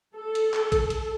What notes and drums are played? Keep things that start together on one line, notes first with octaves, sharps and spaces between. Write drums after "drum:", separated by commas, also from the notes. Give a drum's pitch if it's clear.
A4
drum: hi-hat
drum: clap
drum: kick, hi-hat
drum: hi-hat